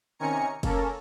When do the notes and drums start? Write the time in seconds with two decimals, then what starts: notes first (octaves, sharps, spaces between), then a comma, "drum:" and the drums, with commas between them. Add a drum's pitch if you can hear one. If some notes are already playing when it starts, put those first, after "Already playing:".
0.19 C3 D#3 C#4 G#5 A#5 C#7
0.63 A#3 C#4 A4 A#4, drum: kick F1, cymbal